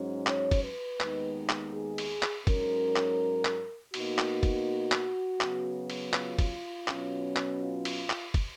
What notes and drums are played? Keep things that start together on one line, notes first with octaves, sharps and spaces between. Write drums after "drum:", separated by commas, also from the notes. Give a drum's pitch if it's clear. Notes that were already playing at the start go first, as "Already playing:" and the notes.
Already playing: G#2 F#3 C#4
C#5, drum: clap
drum: kick, cymbal
B4
D#2 D#3 G#3 B3 D#4, drum: clap
drum: clap
G#4
drum: cymbal
drum: clap
G#2 F#3 C#4 A#4, drum: kick, cymbal
drum: clap
drum: clap
B2 A#3 D#4 F#4, drum: cymbal
drum: clap
drum: kick, cymbal
drum: clap
C#3 F#3 B3, drum: clap
drum: cymbal
F4, drum: clap
drum: kick, cymbal
B2 F#3 C#4, drum: clap
drum: clap
F4
drum: cymbal
drum: clap
drum: kick, cymbal